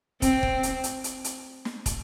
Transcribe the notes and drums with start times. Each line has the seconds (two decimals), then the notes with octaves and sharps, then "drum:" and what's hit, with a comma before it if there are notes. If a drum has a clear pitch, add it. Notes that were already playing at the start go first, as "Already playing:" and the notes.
0.22 C4, drum: kick, hi-hat
0.43 drum: kick
0.63 drum: hi-hat
0.84 drum: hi-hat
1.04 drum: hi-hat
1.24 drum: hi-hat
1.65 drum: snare
1.86 drum: kick, hi-hat